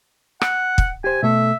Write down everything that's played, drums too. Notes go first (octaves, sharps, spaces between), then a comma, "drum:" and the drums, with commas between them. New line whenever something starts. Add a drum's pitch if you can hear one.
F#5, drum: rim click
drum: kick
G4 C5 G#5
B2 A3 A4 E5